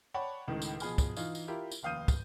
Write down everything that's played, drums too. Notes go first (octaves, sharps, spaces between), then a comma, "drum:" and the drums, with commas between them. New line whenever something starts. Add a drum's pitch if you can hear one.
C#5 D5 F#5 G5 A5 B5
C#2 A2 D#3
drum: tambourine
B2 F3 G#4 G#5 B5 F6, drum: tambourine
drum: kick, tambourine
E3 D#4 F4, drum: tambourine
drum: tambourine
E4 F4 G4 A#4
drum: tambourine
F1 D#2 F5 D#6 G6 D#7
drum: kick, tambourine